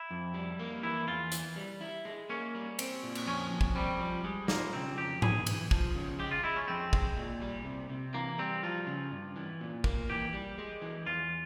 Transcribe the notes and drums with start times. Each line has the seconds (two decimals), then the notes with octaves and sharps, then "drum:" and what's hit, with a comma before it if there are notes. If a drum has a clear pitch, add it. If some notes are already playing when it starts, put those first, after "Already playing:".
Already playing: E4
0.11 F2
0.34 G3
0.59 A#3
0.83 E3 E4
1.08 E2 F4
1.32 E3, drum: hi-hat
1.56 G3
1.81 E4
2.05 G#3
2.29 A#3 C#4
2.55 G3
2.79 C4, drum: cymbal
3.03 A#2
3.15 drum: cymbal
3.26 F2 C#4
3.51 F2
3.61 drum: kick
3.75 G3 C4
4.00 F3
4.24 G3 G#3
4.48 A#3 F4, drum: snare
4.73 C#3 C4
4.98 F2 G4
5.22 E3 G#4, drum: tom G#2
5.46 E3, drum: cymbal
5.71 F3, drum: kick
5.95 C#3
6.19 G#3 G4
6.31 F4
6.44 G#3 E4
6.56 C#4
6.68 F2 C4
6.93 G#3, drum: kick
7.17 A#2
7.41 G3
7.65 C3
7.89 C3
8.14 E3 A#3
8.38 G3 C4
8.63 F3 F4
8.87 C#3
9.11 G2
9.36 E3
9.61 A#2
9.84 A#3, drum: kick
10.09 E3 G4
10.33 G3
10.58 G#3
10.82 E3
11.06 E2 F4